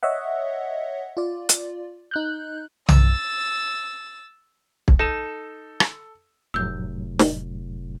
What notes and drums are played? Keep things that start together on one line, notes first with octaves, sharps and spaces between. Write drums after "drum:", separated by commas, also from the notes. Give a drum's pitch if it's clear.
C#5 D#5 E5 F#5
F4 D5
drum: hi-hat
D#4 F#6 G6
E6 A6, drum: tom B1
drum: kick
D#4 A4 E7
drum: rim click
F1 F2 A2 F#3 E6 G6
drum: snare